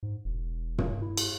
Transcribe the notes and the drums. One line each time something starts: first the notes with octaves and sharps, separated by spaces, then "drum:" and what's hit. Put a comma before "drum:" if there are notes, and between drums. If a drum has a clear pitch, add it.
G#2
E1
drum: tom
E4
drum: cymbal